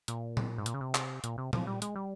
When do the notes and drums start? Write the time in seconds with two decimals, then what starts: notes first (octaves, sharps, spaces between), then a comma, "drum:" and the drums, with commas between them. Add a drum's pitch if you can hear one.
0.08 A#2, drum: hi-hat
0.37 drum: tom A#2
0.58 G#2
0.66 A#2, drum: hi-hat
0.74 C#3
0.81 C3
0.95 drum: clap
1.24 A#2, drum: hi-hat
1.38 C3
1.53 F3, drum: tom A#2
1.67 G3
1.82 G#3, drum: hi-hat
1.96 G3